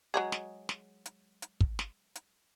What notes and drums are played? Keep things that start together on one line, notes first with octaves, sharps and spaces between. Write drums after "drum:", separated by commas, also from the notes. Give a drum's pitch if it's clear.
F#3 G#3 G#4
drum: snare
drum: snare
drum: hi-hat
drum: hi-hat
drum: kick
drum: snare
drum: hi-hat